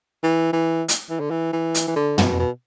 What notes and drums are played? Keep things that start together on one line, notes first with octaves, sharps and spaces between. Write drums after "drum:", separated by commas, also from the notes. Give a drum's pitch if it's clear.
E3
E3
drum: hi-hat
E3
D3
E3
E3
drum: hi-hat
E3
D3
B2, drum: tom
B2